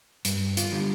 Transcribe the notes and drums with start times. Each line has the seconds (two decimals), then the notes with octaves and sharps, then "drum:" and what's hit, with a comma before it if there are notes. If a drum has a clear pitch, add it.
0.25 G2, drum: hi-hat
0.57 F4, drum: hi-hat
0.72 D3 G3